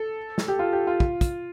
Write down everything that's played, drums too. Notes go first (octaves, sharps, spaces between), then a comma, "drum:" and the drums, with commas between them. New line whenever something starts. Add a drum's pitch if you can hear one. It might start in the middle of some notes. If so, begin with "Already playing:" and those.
Already playing: A4
drum: snare
G4
F4
G4
F4
drum: kick
drum: kick, hi-hat